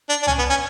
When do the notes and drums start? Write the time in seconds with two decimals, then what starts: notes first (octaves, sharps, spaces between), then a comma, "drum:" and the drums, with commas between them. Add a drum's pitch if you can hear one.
0.09 D4
0.22 D4
0.27 C#4, drum: tom
0.38 B3
0.50 C#4